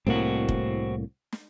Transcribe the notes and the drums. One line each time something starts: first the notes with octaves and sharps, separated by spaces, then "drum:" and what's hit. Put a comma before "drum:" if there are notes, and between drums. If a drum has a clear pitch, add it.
C2 A2 A#3 C4 F#4
drum: kick F1
drum: snare